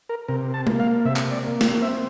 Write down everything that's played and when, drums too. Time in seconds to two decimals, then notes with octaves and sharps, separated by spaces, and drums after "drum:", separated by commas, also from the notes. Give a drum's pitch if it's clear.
0.09 A#4
0.28 C3 A#4
0.54 A5
0.67 A#3, drum: tom G#3
0.80 F5
1.05 C3 E5
1.16 drum: clap
1.31 D5
1.43 A#3
1.61 drum: snare
1.82 C4 E5